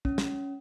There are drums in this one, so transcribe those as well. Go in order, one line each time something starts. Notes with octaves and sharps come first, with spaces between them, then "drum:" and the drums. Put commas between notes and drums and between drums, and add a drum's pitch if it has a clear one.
C#4, drum: kick
drum: snare